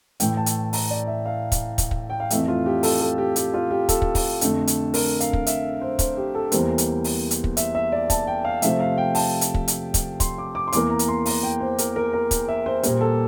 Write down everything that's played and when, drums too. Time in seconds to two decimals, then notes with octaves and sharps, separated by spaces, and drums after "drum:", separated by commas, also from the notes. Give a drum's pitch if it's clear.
0.20 A2 E3 A3 G5, drum: hi-hat
0.37 A5
0.46 drum: hi-hat
0.73 A#5, drum: open hi-hat
0.90 D5
1.07 E5
1.26 F5
1.52 drum: kick, hi-hat
1.78 drum: kick, hi-hat
1.91 drum: kick
2.10 G5
2.20 F5
2.30 F2 E3 A3 E5, drum: hi-hat
2.48 F4
2.66 G4
2.83 A4, drum: open hi-hat
3.01 A4
3.18 G4
3.36 G4, drum: hi-hat
3.54 F4
3.71 G4
3.89 A4, drum: kick, hi-hat
4.02 drum: kick
4.15 drum: kick, open hi-hat
4.41 F2 D3 A3, drum: hi-hat
4.67 drum: hi-hat
4.94 A#4, drum: open hi-hat
5.20 F5, drum: hi-hat
5.33 drum: kick
5.47 E5, drum: hi-hat
5.82 C5
5.99 C5, drum: kick, hi-hat
6.17 G4
6.35 A4
6.52 E2 E3 G3 A#3 C5, drum: hi-hat
6.78 drum: hi-hat
7.04 drum: open hi-hat
7.31 drum: hi-hat
7.44 drum: kick
7.57 E5, drum: hi-hat
7.75 E5
7.92 D5
8.10 A5, drum: kick, hi-hat
8.27 G5
8.45 F5
8.62 C3 F3 A3 E5, drum: hi-hat
8.80 F5
8.98 G5
9.15 A5, drum: open hi-hat
9.41 drum: hi-hat
9.54 drum: kick
9.68 drum: hi-hat
9.94 drum: kick, hi-hat
10.20 C6, drum: kick, hi-hat
10.38 D6
10.55 D6
10.68 C6
10.73 E2 E3 A#3 D6, drum: hi-hat
10.90 A#5
10.99 drum: hi-hat
11.08 C6
11.26 A#5, drum: open hi-hat
11.43 G5
11.60 C5
11.78 A#4, drum: hi-hat
11.96 A#4
12.13 A#4
12.31 drum: kick, hi-hat
12.48 E5
12.66 C5
12.83 A#2 G3 A#3 C5, drum: hi-hat
13.01 A4